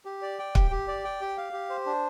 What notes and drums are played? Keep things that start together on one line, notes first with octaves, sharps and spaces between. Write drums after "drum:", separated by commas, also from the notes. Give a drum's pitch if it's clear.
G4
D5
G5
G4, drum: kick
G4
D5
G5
G4
F5
G4
C5
D4